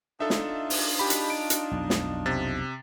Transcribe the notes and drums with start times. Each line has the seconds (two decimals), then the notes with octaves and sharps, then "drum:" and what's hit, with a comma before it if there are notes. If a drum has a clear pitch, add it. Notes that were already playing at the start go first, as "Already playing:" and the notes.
0.20 D4 D#4 F4 A4 E5
0.30 drum: snare
0.70 drum: open hi-hat
0.99 G4 B5
1.10 drum: hi-hat
1.30 D7
1.50 drum: hi-hat
1.71 B1 F2
1.90 drum: snare
2.26 C3 A6